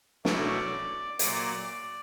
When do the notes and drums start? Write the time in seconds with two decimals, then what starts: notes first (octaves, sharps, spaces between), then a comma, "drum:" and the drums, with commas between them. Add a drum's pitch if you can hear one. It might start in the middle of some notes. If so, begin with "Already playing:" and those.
0.25 B2 F#3 A3 C#4 E4 D5, drum: snare
1.19 A#2 F#3 A#3 D5, drum: hi-hat
1.67 D5